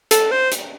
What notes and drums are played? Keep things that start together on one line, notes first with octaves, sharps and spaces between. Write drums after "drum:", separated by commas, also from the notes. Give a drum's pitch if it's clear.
A4, drum: hi-hat
C5
drum: hi-hat